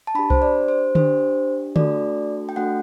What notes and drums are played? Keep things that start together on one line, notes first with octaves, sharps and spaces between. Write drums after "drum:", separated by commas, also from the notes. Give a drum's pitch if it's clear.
A5
D4 G4 B5
C5, drum: kick C2
D5
C5
D4 G4 C5, drum: tom D3
A3 D4 F#4 A4 D5, drum: tom D3
G5
A3 D4 F#4 A4 F#5